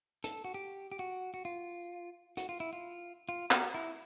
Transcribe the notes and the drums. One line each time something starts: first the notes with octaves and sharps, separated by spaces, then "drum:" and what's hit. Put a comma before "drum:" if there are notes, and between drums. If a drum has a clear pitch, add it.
A4, drum: hi-hat
F#4
G4
G4
F#4
F#4
F4
F#4, drum: hi-hat
F4
E4
F4
F4
F#4, drum: clap
E4